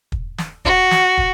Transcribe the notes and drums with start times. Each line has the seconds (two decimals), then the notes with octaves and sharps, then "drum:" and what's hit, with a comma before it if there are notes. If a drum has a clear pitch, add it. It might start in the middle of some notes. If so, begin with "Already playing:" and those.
0.12 drum: kick
0.38 drum: snare
0.65 F#4, drum: kick
0.91 drum: snare
1.18 drum: kick